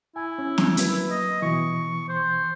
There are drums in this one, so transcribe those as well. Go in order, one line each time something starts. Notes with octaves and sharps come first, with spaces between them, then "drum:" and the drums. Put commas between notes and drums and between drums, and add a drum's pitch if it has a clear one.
E4 G#5
C#4
drum: snare
F#3 A#3 B4, drum: hi-hat
D#5
B2 E3 C#6
C5